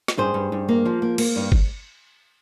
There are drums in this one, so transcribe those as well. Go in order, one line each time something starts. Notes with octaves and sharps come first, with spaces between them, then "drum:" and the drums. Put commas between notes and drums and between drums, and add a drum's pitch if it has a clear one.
drum: snare
G2 G#4 C5
G2
G2
A#3
F3
A#3
A#3, drum: cymbal
G2
drum: kick F#1